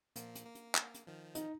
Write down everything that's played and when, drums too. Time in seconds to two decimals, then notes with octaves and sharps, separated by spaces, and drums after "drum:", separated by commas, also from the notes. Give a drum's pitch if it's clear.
0.16 A#2 F3 A#3, drum: hi-hat
0.35 drum: hi-hat
0.46 A#3
0.55 drum: hi-hat
0.75 drum: clap
0.94 drum: hi-hat
1.07 D#3 F3
1.35 D#4, drum: hi-hat